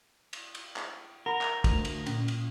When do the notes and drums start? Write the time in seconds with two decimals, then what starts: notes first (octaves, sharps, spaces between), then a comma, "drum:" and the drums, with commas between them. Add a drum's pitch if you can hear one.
0.33 drum: cymbal
0.55 drum: cymbal
0.76 drum: clap
1.26 A#4 F#5 B5
1.41 drum: clap
1.64 D2, drum: kick, cymbal
1.85 drum: cymbal
2.06 A#2 C#4, drum: cymbal
2.28 drum: cymbal